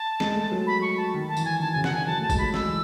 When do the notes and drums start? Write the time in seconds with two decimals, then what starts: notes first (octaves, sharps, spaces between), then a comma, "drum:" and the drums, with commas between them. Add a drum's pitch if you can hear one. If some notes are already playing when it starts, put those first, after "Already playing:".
Already playing: A5
0.20 G#3, drum: snare
0.35 A3
0.52 F#3
0.67 B5
0.82 C#6
0.97 A5
1.14 D#3
1.29 A5
1.37 E3, drum: tambourine
1.45 G#5
1.60 D#3 A5
1.72 C#3 G#5
1.84 F#5, drum: snare
1.92 D#3 G#5
2.07 F#3 A5
2.19 A3 A5
2.30 G#3, drum: kick G#1, tambourine
2.38 F#3 B5
2.54 G#3 E6, drum: snare
2.66 E3